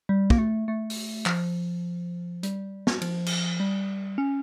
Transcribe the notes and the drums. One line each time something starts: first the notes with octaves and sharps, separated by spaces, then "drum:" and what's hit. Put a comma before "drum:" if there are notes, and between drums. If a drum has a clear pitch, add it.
G3
A#3, drum: kick
A3
A3
drum: open hi-hat
F3, drum: clap
G3, drum: hi-hat
drum: snare
F3, drum: cymbal
drum: cymbal
G3
C#4